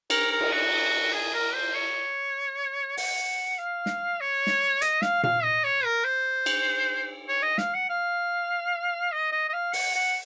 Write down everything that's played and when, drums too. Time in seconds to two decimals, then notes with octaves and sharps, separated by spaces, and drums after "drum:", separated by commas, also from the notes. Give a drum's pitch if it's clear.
0.10 A#4, drum: cymbal
0.31 A#4
0.40 drum: cymbal
0.52 F#4
1.13 G#4
1.34 A#4
1.54 C5
1.74 C#5
2.97 F#5, drum: open hi-hat
3.58 F5
3.86 drum: snare
4.21 C#5
4.47 drum: snare
4.82 D#5, drum: hi-hat
5.02 F5, drum: snare
5.23 F5, drum: tom A#2
5.43 D#5
5.64 C#5
5.85 A#4
6.04 C5
6.46 drum: cymbal
7.28 C#5
7.42 D#5
7.58 F5, drum: snare
7.74 F#5
7.90 F5
9.12 D#5
9.32 D#5
9.49 D#5
9.53 F5
9.73 F#5, drum: open hi-hat
9.95 F#5